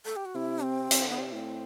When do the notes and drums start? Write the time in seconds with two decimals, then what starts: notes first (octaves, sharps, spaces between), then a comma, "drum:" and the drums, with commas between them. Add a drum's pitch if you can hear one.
0.05 A4
0.16 G4
0.25 F#4
0.35 C3 E4
0.63 C4
0.91 C3, drum: hi-hat
1.05 D3 B3
1.19 C3 C4
1.33 A2 C4